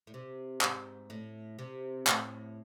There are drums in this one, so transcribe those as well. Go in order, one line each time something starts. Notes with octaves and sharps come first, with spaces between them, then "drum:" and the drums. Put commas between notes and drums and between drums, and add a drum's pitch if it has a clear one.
A2
C3
G#2, drum: clap
A2
C3
A2, drum: clap